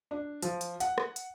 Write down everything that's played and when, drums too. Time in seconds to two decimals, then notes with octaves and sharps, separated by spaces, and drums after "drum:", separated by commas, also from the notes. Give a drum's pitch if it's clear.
0.11 D4
0.42 F3, drum: hi-hat
0.61 drum: hi-hat
0.80 F#5, drum: hi-hat
0.98 drum: rim click
1.16 drum: hi-hat